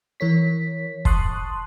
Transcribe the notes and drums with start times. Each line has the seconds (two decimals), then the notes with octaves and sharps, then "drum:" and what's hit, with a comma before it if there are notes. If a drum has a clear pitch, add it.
0.20 E3 A#4 C#5 B6
1.05 A5 C6 C#6 D#6 F#6, drum: kick